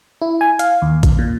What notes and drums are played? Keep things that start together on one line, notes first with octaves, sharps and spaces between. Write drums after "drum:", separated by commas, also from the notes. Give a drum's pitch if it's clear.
E4
G#5
F5, drum: hi-hat
D#2
drum: kick A1, hi-hat
A#2